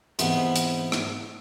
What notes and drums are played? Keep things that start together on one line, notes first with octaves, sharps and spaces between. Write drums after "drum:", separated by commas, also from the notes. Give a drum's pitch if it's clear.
G#2 C3 E3 B3, drum: hi-hat
drum: hi-hat
drum: rim click